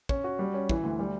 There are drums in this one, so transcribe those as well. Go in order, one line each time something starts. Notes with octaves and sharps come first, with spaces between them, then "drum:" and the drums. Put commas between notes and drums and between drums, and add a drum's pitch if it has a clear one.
C#4, drum: kick
F#4
G3
C#4
E3, drum: kick
D2
G3